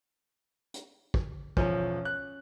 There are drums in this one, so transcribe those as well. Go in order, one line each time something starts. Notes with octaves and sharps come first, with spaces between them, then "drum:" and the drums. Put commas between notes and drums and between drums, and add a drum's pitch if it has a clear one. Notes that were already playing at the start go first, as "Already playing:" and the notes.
drum: hi-hat
drum: kick
E1 F3 C#4, drum: kick
F#6